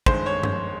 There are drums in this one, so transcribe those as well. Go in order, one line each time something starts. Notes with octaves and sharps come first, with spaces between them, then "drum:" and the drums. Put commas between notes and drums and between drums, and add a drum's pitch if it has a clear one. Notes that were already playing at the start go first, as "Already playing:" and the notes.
G2 D#3 G#3 C5, drum: kick
C#5
drum: tom G2